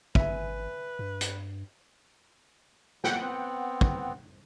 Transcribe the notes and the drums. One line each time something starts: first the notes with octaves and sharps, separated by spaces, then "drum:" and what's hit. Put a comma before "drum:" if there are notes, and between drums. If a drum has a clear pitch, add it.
G#1 B4 E5 G#5, drum: kick
G2
drum: hi-hat
D3 F#5 G5, drum: snare
B3 C4
drum: kick